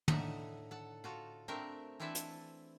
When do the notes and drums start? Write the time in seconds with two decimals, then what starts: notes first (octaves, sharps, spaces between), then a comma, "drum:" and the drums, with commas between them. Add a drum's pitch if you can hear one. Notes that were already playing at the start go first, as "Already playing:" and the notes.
0.08 A2 D3 D#4 E5 F#5, drum: tom
0.71 A4 F#5
1.04 F4 F#4 A4
1.48 A3 C4 D4 A#4
2.00 E3 C4 D4 E4 A4 E5
2.15 drum: hi-hat